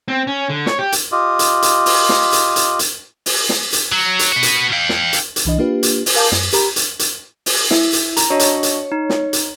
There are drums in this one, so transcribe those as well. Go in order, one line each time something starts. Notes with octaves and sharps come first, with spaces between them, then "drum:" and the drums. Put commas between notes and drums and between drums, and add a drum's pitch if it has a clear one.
C4
C#4
D3
C#5, drum: snare
G4
drum: hi-hat
F4 G4 D#5
drum: hi-hat
drum: hi-hat
drum: open hi-hat
drum: snare
drum: hi-hat
drum: hi-hat
drum: hi-hat
drum: open hi-hat
drum: snare
drum: hi-hat
F#3
drum: hi-hat
B3 F#4
drum: hi-hat
F5 G5
drum: snare
drum: hi-hat
drum: hi-hat
C2 E3 D4 D#5
A#3 D4 F4 G4 B4
drum: hi-hat
drum: open hi-hat
A#4 F5 G#5 A5 D6 G6
F#2, drum: snare
G4 A#4 A#5 B5, drum: hi-hat
drum: hi-hat
drum: hi-hat
drum: open hi-hat
E4, drum: snare
drum: hi-hat
A#5, drum: hi-hat
D4 F#4 C#5 D#5
drum: hi-hat
drum: hi-hat
D#4
drum: snare
drum: hi-hat